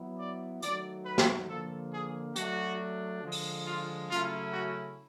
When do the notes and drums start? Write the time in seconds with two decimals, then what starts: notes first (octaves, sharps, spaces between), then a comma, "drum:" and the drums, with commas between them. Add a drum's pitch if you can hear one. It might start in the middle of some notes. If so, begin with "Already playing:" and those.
Already playing: F#3 B3 E4
0.19 D5
0.62 D#3 F#3 A3 D5, drum: hi-hat
1.06 B4
1.18 drum: snare
1.49 D3 F3 A#3 A4
1.93 G#4
2.36 F#3 A3 D4 F#4, drum: hi-hat
3.22 D3 F3 G#3
3.32 drum: open hi-hat
3.66 F4
4.10 C#3 F#3 A3 C#4 E4 F4
4.53 F#4